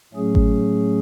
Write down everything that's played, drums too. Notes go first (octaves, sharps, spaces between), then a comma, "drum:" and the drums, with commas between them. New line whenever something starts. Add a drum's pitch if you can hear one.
A2 F#3 A3 C#4 G#4
drum: kick G#1